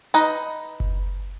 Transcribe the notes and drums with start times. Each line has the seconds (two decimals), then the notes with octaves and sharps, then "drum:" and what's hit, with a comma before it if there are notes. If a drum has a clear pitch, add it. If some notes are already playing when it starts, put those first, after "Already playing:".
0.14 D#4 B4 D#5
0.80 drum: kick F#1